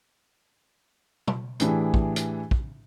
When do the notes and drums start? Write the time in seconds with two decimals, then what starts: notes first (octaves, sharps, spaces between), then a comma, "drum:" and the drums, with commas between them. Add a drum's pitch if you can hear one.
1.27 drum: tom B2
1.60 A2 E3 D4 G4 G#4, drum: hi-hat
1.94 drum: kick
2.16 drum: hi-hat
2.51 drum: kick